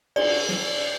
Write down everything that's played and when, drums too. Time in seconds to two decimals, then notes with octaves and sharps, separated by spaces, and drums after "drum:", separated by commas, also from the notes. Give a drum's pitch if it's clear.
0.16 D5, drum: cymbal
0.49 drum: snare